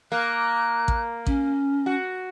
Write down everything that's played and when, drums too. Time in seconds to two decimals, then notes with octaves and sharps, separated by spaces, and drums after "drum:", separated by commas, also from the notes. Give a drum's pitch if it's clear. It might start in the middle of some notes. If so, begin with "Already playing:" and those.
0.12 A#3 F#6
0.88 drum: kick A1
1.27 C#4, drum: kick A1
1.86 F#4